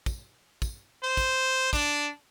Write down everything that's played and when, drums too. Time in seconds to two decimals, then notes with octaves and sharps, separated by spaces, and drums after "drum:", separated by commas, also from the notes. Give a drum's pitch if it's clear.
0.06 drum: kick, tambourine
0.62 drum: kick, tambourine
1.03 C5
1.17 drum: kick, tambourine
1.73 D4, drum: kick, tambourine